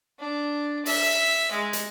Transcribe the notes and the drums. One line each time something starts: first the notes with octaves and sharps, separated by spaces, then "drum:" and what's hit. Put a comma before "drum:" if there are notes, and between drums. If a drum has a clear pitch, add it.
D4
E5, drum: open hi-hat
G#3
drum: hi-hat